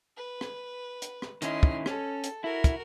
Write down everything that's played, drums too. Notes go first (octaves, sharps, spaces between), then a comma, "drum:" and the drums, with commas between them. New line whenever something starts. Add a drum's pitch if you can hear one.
B4
drum: rim click
drum: hi-hat
drum: rim click
D#3 C#4 E4 D#5 C6, drum: hi-hat
drum: kick
C#4 A4, drum: rim click
drum: hi-hat
E4 F#4 A#4
drum: kick, hi-hat